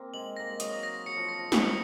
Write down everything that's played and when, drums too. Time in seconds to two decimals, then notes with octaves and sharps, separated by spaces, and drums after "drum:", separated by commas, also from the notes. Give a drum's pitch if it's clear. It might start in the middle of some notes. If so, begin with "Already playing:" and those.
Already playing: A#3 C4 D#4
0.14 G#3 F#7
0.37 A#3 A#6
0.50 G#3
0.60 F#3 D#6, drum: hi-hat
0.83 A#6
1.06 F#3 C#7
1.17 F3
1.29 A#6
1.39 F3
1.52 F#3 D#6, drum: snare